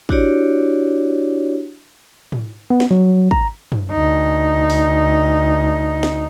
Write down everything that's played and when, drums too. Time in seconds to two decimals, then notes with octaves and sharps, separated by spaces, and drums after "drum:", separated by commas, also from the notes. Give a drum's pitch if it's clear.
0.09 D4 E4 F#4 G4 C#5 D5, drum: kick
2.32 drum: tom
2.70 B3
2.80 drum: snare
2.91 F#3
3.31 A#5, drum: kick
3.72 drum: tom F#2
3.91 D2 D#4
4.70 drum: open hi-hat
6.03 drum: snare